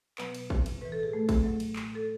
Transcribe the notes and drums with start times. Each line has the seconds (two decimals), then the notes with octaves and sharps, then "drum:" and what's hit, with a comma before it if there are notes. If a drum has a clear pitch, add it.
0.18 B2 F#3 B3 B4, drum: clap
0.35 drum: cymbal
0.50 drum: kick A1
0.66 drum: cymbal
0.81 A2 E3 B4
0.92 A4
1.03 G#4
1.13 A3 A4
1.29 drum: kick A1, cymbal
1.44 A2 F#3
1.60 drum: cymbal
1.76 drum: clap
1.95 A4